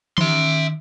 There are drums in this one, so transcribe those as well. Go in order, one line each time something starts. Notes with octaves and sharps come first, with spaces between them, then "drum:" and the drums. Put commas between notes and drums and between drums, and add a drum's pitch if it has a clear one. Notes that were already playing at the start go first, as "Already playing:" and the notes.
D#3 E5 C6, drum: tom E3